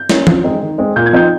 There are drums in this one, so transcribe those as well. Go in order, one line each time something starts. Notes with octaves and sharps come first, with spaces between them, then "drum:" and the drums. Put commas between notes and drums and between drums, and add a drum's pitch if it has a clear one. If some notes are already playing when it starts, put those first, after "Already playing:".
Already playing: G6
A#3 C#4, drum: snare
F3, drum: tom E3
G#3 C4 D#4
D#3
G#3 C4
A#2 G6
G#6
F3 C4 D#4 G6